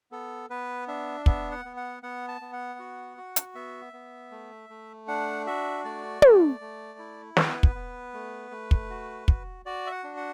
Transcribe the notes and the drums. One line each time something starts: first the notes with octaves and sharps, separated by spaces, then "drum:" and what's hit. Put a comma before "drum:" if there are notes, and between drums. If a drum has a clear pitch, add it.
B3 A4
B3 B4
D4 E5
B3 E5, drum: kick
F#5
B3
F#5
B3 F#5
A5
B3
F#5
F#4
F#4
drum: hi-hat
B3 E5
B3
A3
A3
D4 F#5
F#4 E5
A3 D5
A3, drum: tom
A3
E4
B3 B4, drum: snare
drum: kick
B3
A3
A3
drum: kick
F#4
F#4, drum: kick
F#4 D5
E5
F#5
D4
F#5